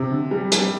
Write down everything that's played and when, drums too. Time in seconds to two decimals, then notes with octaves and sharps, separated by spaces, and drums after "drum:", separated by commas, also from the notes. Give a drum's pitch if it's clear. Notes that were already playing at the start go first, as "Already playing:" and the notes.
Already playing: C3
0.10 D3
0.31 G3
0.52 G3, drum: hi-hat